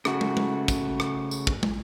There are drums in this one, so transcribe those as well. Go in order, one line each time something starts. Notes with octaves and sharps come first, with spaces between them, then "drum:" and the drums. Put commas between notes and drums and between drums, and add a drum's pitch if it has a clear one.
C#3 A3 F#4, drum: rim click
drum: tom
drum: tom
drum: kick, tambourine
drum: rim click
drum: tambourine
drum: kick
drum: tom